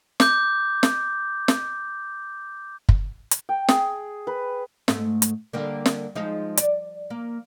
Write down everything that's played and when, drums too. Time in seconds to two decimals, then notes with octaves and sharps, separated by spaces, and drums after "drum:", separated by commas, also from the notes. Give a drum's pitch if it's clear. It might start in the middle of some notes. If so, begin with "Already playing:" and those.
0.20 D6 G6, drum: snare
0.83 drum: snare
1.48 drum: snare
2.89 drum: kick
3.31 drum: hi-hat
3.49 G5
3.69 G#4, drum: snare
4.27 B4
4.88 G#2 A3, drum: snare
5.22 drum: hi-hat
5.53 D3 G3 A#3
5.86 drum: snare
6.15 F3 G#3 D#4
6.57 D5, drum: hi-hat
7.10 A#3